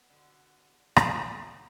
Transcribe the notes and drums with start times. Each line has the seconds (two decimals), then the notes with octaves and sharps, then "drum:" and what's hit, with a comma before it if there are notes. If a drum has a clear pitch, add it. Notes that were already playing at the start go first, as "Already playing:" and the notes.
Already playing: B3
0.10 B2 D3
0.53 E2
0.96 E3 F#3, drum: rim click
1.40 D3